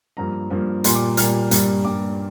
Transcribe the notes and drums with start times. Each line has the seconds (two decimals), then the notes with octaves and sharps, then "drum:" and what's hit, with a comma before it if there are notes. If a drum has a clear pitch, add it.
0.17 G2 F3 A#3 A#5
0.50 G2 F3 A#3
0.84 A#2 G3 A#3 C6, drum: hi-hat
0.95 D6
1.17 A#2 G3 A#3 F6, drum: hi-hat
1.51 G2 G3 A#3, drum: hi-hat
1.85 G2 G3 A#3 D6